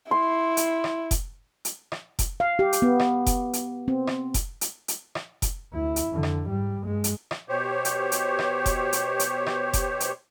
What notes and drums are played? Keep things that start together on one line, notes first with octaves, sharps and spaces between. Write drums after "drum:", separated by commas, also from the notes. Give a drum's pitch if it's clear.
E4 C6
drum: hi-hat
drum: rim click
drum: kick F1, hi-hat
drum: hi-hat
drum: rim click
drum: kick F1, hi-hat
F5
G4
drum: hi-hat
B3
drum: rim click
drum: kick F1, hi-hat
drum: hi-hat
C4
drum: rim click
drum: kick F1, hi-hat
drum: hi-hat
drum: hi-hat
drum: rim click
drum: kick F1, hi-hat
D2 E4
drum: hi-hat
F2 D3
drum: rim click
G#2 G3
G2 G#3
drum: hi-hat
drum: rim click
B2 G4 C5 C#5
drum: hi-hat
drum: hi-hat
drum: rim click
drum: kick F1, hi-hat
drum: hi-hat
drum: hi-hat
drum: rim click
drum: kick F1, hi-hat
drum: hi-hat